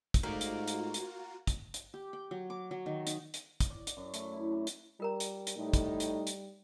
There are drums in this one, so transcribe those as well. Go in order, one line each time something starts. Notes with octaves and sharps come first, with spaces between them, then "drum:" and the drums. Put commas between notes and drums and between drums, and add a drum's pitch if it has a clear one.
drum: kick, hi-hat
G#2 A3 A#3 F4 F#4 D5
drum: hi-hat
drum: hi-hat
drum: hi-hat
drum: kick, hi-hat
drum: hi-hat
G4
G5
F#3
D6
F#3
D#3
D#4, drum: hi-hat
drum: hi-hat
drum: kick, hi-hat
D5
drum: hi-hat
F#2
A3, drum: hi-hat
E4
D4
drum: hi-hat
G3 F4 A#4 A#5
drum: hi-hat
drum: hi-hat
A2 G3 A3 D#4
drum: kick, hi-hat
drum: hi-hat
drum: hi-hat